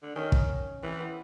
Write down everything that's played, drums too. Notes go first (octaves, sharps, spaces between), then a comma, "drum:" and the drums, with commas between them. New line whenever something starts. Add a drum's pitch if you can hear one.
D3
D#3 C#4
drum: kick
E3 C4
B3